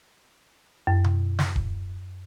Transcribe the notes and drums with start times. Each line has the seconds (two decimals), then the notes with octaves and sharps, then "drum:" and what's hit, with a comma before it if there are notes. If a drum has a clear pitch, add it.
0.87 F#2
1.04 drum: tom B2
1.39 drum: snare
1.56 drum: kick